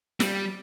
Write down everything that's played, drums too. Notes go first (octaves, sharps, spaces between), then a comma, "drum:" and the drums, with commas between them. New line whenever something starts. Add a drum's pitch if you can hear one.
G3, drum: snare